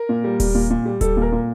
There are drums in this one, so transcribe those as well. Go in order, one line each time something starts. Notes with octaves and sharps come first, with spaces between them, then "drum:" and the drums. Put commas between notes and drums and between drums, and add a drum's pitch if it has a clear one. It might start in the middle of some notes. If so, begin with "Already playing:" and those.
Already playing: A#4
A#2
G3
G3, drum: kick D#1, open hi-hat
A#2
A#2
G3
G3 A4, drum: kick D#1, hi-hat
A#2
A#4
A#2